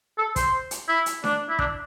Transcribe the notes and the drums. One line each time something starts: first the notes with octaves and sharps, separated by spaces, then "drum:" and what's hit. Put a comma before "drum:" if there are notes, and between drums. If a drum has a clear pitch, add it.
A4
C5, drum: kick, hi-hat
drum: hi-hat
E4
drum: hi-hat
D4, drum: snare D4
E4
D4, drum: kick